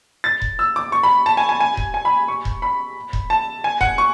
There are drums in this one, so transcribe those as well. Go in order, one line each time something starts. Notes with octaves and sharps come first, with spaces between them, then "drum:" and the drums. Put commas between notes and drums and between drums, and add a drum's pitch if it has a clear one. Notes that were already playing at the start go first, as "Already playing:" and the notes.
A6
drum: kick E1
E6
D6
C#6
B5
A5
G#5
G#5
G#5
drum: kick E1
G#5
B5
C#6
drum: kick E1
B5
drum: kick E1
A5
G#5
F#5, drum: kick E1
C#6